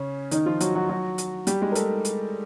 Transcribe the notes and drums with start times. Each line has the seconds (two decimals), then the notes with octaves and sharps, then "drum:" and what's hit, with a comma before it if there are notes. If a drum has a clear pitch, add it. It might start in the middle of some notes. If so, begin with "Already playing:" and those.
Already playing: C#3 C#4
0.31 D#3 D#4, drum: hi-hat
0.46 F3 F4
0.61 F#3 F#4, drum: hi-hat
0.75 F#3 F#4
0.89 F#3 F#4
1.18 drum: hi-hat
1.47 G3 G4, drum: hi-hat
1.61 G#3 G#4
1.72 A#4
1.75 A3 A4, drum: hi-hat
2.05 drum: hi-hat